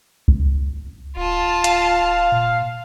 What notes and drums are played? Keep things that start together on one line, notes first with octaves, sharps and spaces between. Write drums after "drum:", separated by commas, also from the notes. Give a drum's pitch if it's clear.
drum: kick C2
D1 F4 A5
F5, drum: hi-hat
A#2